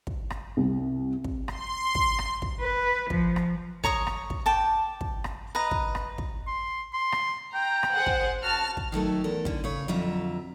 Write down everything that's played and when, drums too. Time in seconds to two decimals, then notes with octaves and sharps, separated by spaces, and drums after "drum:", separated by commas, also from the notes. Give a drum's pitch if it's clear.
0.07 drum: kick
0.30 drum: rim click
0.57 C2
1.24 drum: kick
1.48 C6, drum: rim click
1.95 drum: kick
2.19 drum: rim click
2.42 drum: kick
2.61 B4
3.10 F3, drum: kick
3.36 drum: rim click
3.84 C#5 A#5 C#6 D#6, drum: kick
4.07 drum: rim click
4.30 drum: kick
4.46 G5 A5 D6
5.01 drum: kick
5.24 drum: rim click
5.55 B4 D#5 A#5
5.71 drum: kick
5.95 drum: rim click
6.18 drum: kick
6.47 C6
6.93 C6
7.12 drum: rim click
7.54 G5 A#5
7.83 drum: rim click
7.93 G#4 C5 F#5
8.06 drum: kick
8.43 F#4 A5 F6
8.77 drum: kick
8.92 D#3 F#3 A3 A4
9.24 E2 A4 A#4
9.45 D3 C#4, drum: kick
9.64 C#3 C#5
9.88 F2 D3 F#3 F4 E5 A#5